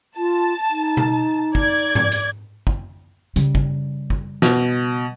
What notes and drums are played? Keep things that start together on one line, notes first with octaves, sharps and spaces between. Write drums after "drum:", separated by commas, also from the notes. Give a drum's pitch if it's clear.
F4 A5
D#4
drum: tom B2
D5 G#6, drum: kick
drum: tom G#2
drum: hi-hat
drum: kick
C#3 G3, drum: hi-hat
drum: kick
drum: kick
B2, drum: snare